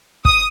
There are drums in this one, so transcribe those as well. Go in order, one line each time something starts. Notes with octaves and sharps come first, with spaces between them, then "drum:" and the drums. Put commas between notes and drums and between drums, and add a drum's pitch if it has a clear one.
D#6, drum: kick